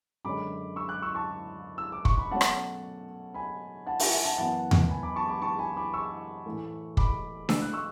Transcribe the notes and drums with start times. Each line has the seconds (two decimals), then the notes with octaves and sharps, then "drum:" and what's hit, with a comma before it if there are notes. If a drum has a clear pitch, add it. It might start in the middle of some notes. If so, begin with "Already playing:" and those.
0.25 F#2 D3 G#3 C#4 B5 D6
0.76 C#6 E6
0.89 D6 F#6
1.02 C#6 E6
1.15 A5 C#6
1.78 E6
1.92 D6
2.05 C#6, drum: kick
2.18 B5
2.31 B2 F#3 A3 C#4 F#5 A5
2.41 drum: rim click
3.34 G#5 B5
3.87 F#5 A5
3.99 E5 G#5, drum: open hi-hat
4.12 E5 G#5
4.25 F#5 A5
4.38 F#2 E3 B3 F#5 A5
4.71 drum: tom E2
4.90 G#5 B5
5.03 B5 D6
5.16 A5 C#6
5.29 B5 D6
5.42 A5 C#6
5.59 G#5 B5
5.77 B5 D6
5.93 C#6 E6
6.46 A2 E3 A3
6.97 B5 D6, drum: kick
7.49 E6, drum: snare D4
7.62 F#6
7.73 C#6 E6